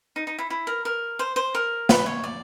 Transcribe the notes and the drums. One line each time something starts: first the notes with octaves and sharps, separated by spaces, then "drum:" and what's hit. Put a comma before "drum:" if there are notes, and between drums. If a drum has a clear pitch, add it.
D#4
D#4
E4
E4
A#4
A#4
C5
C5
A#4
B4, drum: snare
C#5
D5